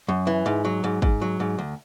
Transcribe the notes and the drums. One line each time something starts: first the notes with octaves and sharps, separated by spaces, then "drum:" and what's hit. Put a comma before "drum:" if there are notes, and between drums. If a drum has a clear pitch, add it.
F#2
E3
G#2
F#3
G#2
G#2, drum: kick
F#3
G#2
D2